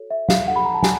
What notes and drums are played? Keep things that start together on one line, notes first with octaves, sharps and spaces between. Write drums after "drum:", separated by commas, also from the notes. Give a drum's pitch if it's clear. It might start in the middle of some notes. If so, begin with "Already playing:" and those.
Already playing: F#4 A4 C#5
E5
F5, drum: snare
D4 F4 A4 F#5
B5
A#5
A5
G#5, drum: snare